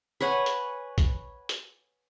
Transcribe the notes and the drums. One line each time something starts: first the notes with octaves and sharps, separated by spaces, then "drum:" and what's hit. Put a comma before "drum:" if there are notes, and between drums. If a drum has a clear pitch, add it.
B4 C#5 F#5 G#5
drum: hi-hat
drum: kick A#1, hi-hat
drum: hi-hat